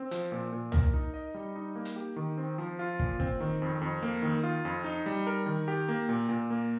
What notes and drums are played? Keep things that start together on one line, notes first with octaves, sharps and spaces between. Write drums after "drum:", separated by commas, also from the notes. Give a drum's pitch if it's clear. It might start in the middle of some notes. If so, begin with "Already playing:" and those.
Already playing: C4
F3, drum: hi-hat
A#2
A#2
A#4, drum: tom
D#4
D#5
G3
D#4
A#3
drum: hi-hat
G4
D#3
C4
F3
F4
A#2, drum: kick
C4, drum: kick
D#3
F2
F2
A#3
D#3
F4
F2
D#4
G3
A#4
D#3
G4
A#3
A#2
A#2
A#3